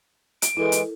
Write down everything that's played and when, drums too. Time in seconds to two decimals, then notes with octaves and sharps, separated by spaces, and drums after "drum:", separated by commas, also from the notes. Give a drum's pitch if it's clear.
0.42 D7, drum: hi-hat
0.57 E3 G#3 E4 A4 A#4
0.72 drum: hi-hat